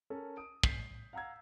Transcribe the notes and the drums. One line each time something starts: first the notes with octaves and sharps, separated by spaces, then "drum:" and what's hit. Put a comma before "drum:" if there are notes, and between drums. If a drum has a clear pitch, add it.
C#4 A4 A#4
D#6 D7
G6 B6 C7, drum: kick
F5 F#5 A#5 E6 G#6